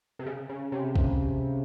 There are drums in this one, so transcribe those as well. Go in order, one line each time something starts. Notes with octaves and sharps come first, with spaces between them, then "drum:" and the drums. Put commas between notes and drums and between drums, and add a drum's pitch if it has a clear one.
C3
C#3
C#3
C3
drum: kick